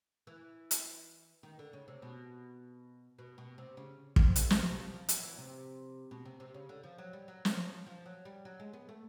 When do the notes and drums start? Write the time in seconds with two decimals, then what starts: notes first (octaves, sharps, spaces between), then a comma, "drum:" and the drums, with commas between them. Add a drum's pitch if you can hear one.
0.27 E3
0.71 drum: hi-hat
1.43 D#3
1.59 D3
1.73 C#3
1.88 C3
2.02 B2
3.19 B2
3.38 B2
3.58 C3
3.77 C#3
4.16 C3, drum: kick
4.36 D3, drum: hi-hat
4.50 C3, drum: snare
4.65 B2
4.80 F3
4.94 F3
5.09 F#3, drum: hi-hat
5.23 E3
5.38 C3
6.11 B2
6.25 C3
6.40 C3
6.54 C#3
6.69 D3
6.83 F3
6.98 F#3
7.13 G3
7.28 F#3
7.45 F#3, drum: snare
7.56 F3
7.86 F3
8.06 F#3
8.25 G3
8.45 F#3
8.60 G#3
8.73 B3
8.89 A3